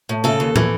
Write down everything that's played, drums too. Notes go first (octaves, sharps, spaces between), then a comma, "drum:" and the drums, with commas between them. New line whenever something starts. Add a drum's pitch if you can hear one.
A2
C#3 A4
D#2
E3, drum: tom